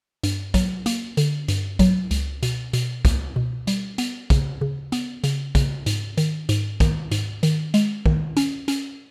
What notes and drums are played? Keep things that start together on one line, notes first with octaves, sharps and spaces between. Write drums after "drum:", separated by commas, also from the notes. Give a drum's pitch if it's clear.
G2, drum: hi-hat
F#3, drum: kick, hi-hat
A#3, drum: hi-hat
D3, drum: hi-hat
G2, drum: hi-hat
F#3, drum: kick, hi-hat
C#2, drum: hi-hat
B2, drum: hi-hat
B2, drum: hi-hat
C#2, drum: kick, hi-hat
B2
G3, drum: hi-hat
B3, drum: hi-hat
C#3, drum: kick, hi-hat
C#3
B3, drum: hi-hat
C#3, drum: hi-hat
C#3, drum: kick, hi-hat
G#2, drum: hi-hat
D#3, drum: hi-hat
G#2, drum: hi-hat
D#3, drum: kick, hi-hat
G#2, drum: hi-hat
D#3, drum: hi-hat
G#3, drum: hi-hat
D#3, drum: kick
C#4, drum: hi-hat
C#4, drum: hi-hat